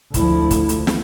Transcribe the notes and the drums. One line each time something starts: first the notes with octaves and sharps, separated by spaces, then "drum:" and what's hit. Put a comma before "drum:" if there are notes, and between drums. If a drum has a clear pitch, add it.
D2 F3 A3 E4, drum: kick, hi-hat
drum: kick, hi-hat
drum: hi-hat
drum: snare